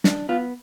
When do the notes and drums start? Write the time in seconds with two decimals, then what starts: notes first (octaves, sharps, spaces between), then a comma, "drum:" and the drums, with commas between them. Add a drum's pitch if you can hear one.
0.04 D4, drum: snare
0.29 B3 F4